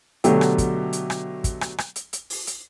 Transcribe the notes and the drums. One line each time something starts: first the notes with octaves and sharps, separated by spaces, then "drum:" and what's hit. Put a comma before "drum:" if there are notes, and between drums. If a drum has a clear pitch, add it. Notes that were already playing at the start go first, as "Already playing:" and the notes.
B2 D3 F#3 A3 G4, drum: hi-hat
drum: rim click
drum: kick, hi-hat
drum: hi-hat
drum: rim click
drum: kick, hi-hat
drum: rim click
drum: rim click
drum: hi-hat
drum: hi-hat
drum: open hi-hat
drum: hi-hat